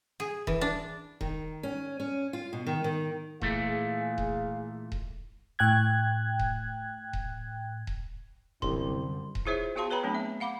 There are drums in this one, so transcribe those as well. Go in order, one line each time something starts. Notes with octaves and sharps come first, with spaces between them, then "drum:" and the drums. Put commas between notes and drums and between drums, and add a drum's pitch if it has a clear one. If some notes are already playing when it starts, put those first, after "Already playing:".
G#4
E3, drum: kick D#1
D4
D#3, drum: kick D#1
C#4
C#4
F4
B2
D#3
D#3
A#2 E3 A3 G#4 F5, drum: kick D#1
drum: kick D#1
drum: kick D#1
A2 G5 F#6 G#6
drum: kick D#1
drum: kick D#1
drum: kick D#1
C2 F#2 D3 G3 C6, drum: kick D#1
drum: kick D#1
E4 F4 G#4 C5 C#5 E5
B3 F#4 G#4 F5 A5 C6
B4 C#5 G5 A#5 B5
F#3 A3 B3 C4 D4
E5
F5 F#5 B5 D6